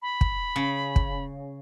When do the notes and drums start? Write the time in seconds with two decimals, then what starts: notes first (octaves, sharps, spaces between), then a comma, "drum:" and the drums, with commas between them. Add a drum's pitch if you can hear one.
0.02 B5
0.21 drum: kick
0.56 C#3
0.96 drum: kick